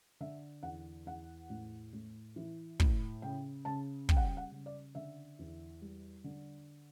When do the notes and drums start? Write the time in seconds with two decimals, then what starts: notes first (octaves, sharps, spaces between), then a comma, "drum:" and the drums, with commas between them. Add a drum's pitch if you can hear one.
0.20 D3 E5
0.63 E2 F#5
1.06 E2 F#5
1.50 A2
1.93 A2
2.36 E3
2.80 A2, drum: kick
3.22 C#3 G5
3.65 C#3 A5
4.09 G3 G5, drum: kick
4.17 F#5
4.24 G5
4.37 F#5
4.52 C#3
4.66 D5
4.95 D3 E5
5.39 E2
5.82 G3
6.24 D3